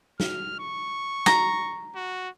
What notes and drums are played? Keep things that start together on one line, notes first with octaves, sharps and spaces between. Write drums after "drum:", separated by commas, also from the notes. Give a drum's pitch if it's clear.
F6, drum: snare
C#6
A#5, drum: snare
F#4